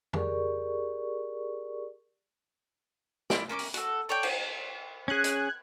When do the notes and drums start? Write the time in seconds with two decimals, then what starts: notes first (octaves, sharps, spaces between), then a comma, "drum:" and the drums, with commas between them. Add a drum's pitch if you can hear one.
0.13 G4 G#4 A#4 D5 C#6, drum: tom
3.30 E4 F4 D5, drum: snare
3.49 A#3 C#4 C#6 D6
3.59 drum: open hi-hat
3.74 F#4 A4, drum: hi-hat
4.09 A4 C#5 D5 G5
4.23 drum: cymbal
5.08 C#4 G#4 F#6 G#6
5.24 drum: hi-hat